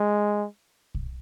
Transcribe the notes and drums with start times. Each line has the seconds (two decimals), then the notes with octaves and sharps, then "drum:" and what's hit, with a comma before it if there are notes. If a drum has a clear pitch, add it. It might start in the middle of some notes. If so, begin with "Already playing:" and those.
Already playing: G#3
0.95 drum: kick